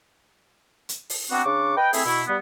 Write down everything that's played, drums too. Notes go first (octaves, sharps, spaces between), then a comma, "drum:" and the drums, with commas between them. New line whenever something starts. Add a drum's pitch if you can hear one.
drum: hi-hat
drum: open hi-hat
B3 C4 D4 F#4
C#3 D4 C#6 D6
B4 D#5 G5
A3 C4 E4 G#4, drum: open hi-hat
B2 E4
G3 B3